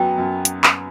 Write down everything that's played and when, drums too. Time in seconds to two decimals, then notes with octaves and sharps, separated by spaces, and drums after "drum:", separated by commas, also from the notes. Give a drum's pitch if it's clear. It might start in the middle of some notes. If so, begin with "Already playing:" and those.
Already playing: F#2 F#3 B3 G5
0.18 F#2
0.45 drum: hi-hat
0.64 drum: clap